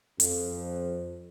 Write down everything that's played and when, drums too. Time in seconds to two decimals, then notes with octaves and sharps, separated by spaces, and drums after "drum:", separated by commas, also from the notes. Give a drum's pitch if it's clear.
0.20 F2, drum: hi-hat